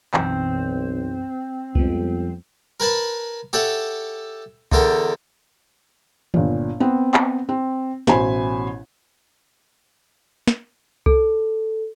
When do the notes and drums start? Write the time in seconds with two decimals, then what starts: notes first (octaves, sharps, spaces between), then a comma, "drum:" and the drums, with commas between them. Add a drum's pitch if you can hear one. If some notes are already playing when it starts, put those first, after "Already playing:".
0.14 B1 F#2 E3 C4, drum: clap
1.75 F2 G3 G#3 B3, drum: kick C2
2.80 A#4 B4 G#5 A5 B5
3.53 G4 A4 C#5 E5 F#5
4.72 E2 D3 A4 A#4 G5, drum: kick C2
6.34 G1 A#2, drum: tom D#3
6.80 B3 C4
7.14 drum: clap
7.49 C4
8.07 A1 B2 C5 G#5 B5, drum: snare
10.47 drum: snare
11.06 A4, drum: kick C2